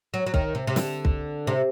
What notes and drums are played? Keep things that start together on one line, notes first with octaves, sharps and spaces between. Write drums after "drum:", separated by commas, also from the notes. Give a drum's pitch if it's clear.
F#3
F#3
D#3, drum: kick
C3
C3
D3, drum: snare
drum: kick
C3